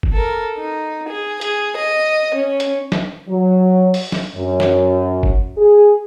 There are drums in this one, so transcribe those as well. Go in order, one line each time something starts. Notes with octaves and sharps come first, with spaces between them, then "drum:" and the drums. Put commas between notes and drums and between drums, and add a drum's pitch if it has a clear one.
drum: kick F#1
A4 A#4
D#4
G#4
G#4, drum: hi-hat
D#5
C#4
drum: hi-hat
drum: snare
F#3
drum: open hi-hat
drum: snare
F#2
drum: snare
drum: kick F#1
G#4